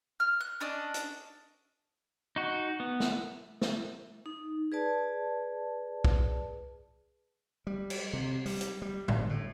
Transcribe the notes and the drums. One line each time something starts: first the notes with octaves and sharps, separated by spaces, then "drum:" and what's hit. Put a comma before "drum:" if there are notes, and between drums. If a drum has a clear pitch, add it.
F6
F#6
C#4 D4 D#5
drum: hi-hat
D#4 F#4
B3
drum: snare
drum: snare
D#4
G#4 B4 D5 A5
drum: kick
G3
drum: cymbal
C3
G3, drum: open hi-hat
drum: hi-hat
G3
G1, drum: tom A2
A2